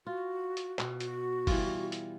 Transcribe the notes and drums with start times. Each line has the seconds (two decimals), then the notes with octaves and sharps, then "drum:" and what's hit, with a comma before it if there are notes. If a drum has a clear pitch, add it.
0.07 F4 F#4
0.57 drum: hi-hat
0.79 B2, drum: clap
1.00 F#4, drum: hi-hat
1.47 E3 G3 F4, drum: kick, open hi-hat
1.92 drum: hi-hat